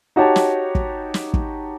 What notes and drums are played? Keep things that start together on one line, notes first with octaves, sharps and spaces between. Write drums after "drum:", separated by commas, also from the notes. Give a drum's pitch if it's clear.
D#4 F#4 G4 C#5 A5
drum: snare
drum: kick
drum: snare
drum: kick